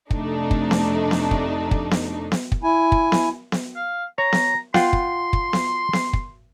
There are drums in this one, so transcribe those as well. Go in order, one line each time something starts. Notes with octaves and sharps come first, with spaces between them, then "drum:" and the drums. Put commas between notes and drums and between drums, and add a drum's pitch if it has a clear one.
F2 C3 A3 D4 D#4, drum: kick
drum: kick
drum: snare B3
drum: snare B3
drum: kick
drum: kick
drum: snare B3
drum: snare B3
drum: kick
E4 G#5
drum: kick
drum: snare B3
drum: snare B3
F5
C#5 A#5
drum: snare B3
F4 F#5 G5 C6, drum: snare B3
drum: kick
drum: kick
drum: snare B3
drum: snare B3
drum: kick